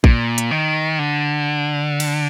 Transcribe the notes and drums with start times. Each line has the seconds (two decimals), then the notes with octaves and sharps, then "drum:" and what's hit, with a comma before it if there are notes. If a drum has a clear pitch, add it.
0.04 A#2, drum: kick A1
0.38 drum: hi-hat
0.51 D#3
0.99 D3
2.00 drum: cymbal